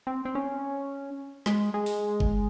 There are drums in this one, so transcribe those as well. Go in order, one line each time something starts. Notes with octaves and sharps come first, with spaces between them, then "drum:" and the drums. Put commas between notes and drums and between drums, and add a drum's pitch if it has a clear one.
C4
C4
C#4
G#3, drum: snare
G#3
drum: open hi-hat
drum: kick F#1